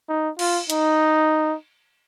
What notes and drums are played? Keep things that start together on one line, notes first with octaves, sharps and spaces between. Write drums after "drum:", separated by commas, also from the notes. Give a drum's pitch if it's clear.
D#4
F4, drum: cymbal
D#4, drum: hi-hat